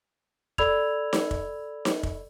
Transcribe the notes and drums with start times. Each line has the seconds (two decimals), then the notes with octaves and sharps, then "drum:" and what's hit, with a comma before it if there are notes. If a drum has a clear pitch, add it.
0.58 A4 D5 B5 E6 G#6 F7, drum: kick
1.13 drum: snare D#4
1.31 drum: kick
1.85 drum: snare D#4
2.03 drum: kick